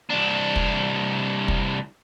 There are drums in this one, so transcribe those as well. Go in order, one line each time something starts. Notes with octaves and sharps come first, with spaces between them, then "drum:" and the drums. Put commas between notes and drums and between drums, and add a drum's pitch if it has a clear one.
C2 D4
drum: kick
drum: kick